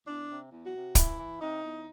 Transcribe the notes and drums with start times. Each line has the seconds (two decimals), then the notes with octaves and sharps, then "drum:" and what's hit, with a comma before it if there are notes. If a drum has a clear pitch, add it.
0.06 E2 D4
0.29 C3
0.51 E2
0.65 F#4
0.74 C3
0.95 E3 E4, drum: kick, hi-hat
1.18 E3
1.40 C3 D#4
1.63 E2